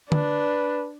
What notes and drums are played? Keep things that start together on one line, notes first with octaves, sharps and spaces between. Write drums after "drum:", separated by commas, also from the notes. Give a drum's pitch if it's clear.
D4 B4, drum: tom